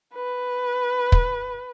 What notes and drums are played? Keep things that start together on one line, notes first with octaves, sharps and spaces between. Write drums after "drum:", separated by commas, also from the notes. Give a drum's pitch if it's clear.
B4
drum: kick